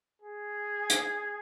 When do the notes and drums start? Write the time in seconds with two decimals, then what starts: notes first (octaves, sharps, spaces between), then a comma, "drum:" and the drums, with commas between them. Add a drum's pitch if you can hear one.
0.22 G#4
0.90 drum: hi-hat